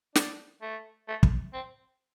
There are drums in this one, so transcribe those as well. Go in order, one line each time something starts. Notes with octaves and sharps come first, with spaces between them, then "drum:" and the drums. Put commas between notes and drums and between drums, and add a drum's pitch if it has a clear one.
D4, drum: snare
A3
A3
drum: kick
C4